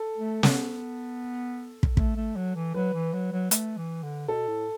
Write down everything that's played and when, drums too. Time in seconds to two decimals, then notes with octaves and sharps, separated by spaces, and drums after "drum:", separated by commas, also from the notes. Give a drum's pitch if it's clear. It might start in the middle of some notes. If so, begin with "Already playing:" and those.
Already playing: A4
0.18 A3
0.43 B3, drum: snare
1.83 drum: kick
1.97 A3, drum: kick
2.17 A3
2.36 F#3
2.56 E3
2.74 F#3 B4
2.94 E3
3.13 F#3
3.32 F#3
3.51 A3, drum: hi-hat
3.77 E3
4.03 D3
4.28 B2 A4
4.48 A2